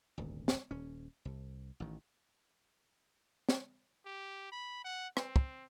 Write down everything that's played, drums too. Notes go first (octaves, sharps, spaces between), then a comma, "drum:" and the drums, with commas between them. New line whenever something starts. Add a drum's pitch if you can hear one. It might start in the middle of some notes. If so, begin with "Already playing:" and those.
D#1 G#1 D2
drum: snare
D#1 C#4
C2
A1 D#3
drum: snare
G4
B5
F#5
C4, drum: rim click
drum: kick